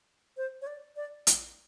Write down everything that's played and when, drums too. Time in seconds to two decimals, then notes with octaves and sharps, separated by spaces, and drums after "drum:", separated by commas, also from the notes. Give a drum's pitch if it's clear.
0.37 C5
0.62 C#5
0.67 D5
0.96 D5
1.27 drum: hi-hat